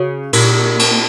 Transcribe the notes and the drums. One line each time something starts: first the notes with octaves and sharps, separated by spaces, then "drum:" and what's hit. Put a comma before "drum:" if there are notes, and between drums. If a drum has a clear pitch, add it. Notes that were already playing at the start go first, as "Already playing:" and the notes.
Already playing: C#3 F#4 C#5
A#2, drum: cymbal
drum: cymbal